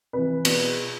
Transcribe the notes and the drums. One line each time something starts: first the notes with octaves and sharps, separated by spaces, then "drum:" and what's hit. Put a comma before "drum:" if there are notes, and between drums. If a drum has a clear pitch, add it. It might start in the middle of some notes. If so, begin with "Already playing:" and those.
C3 E3 B4
B2, drum: cymbal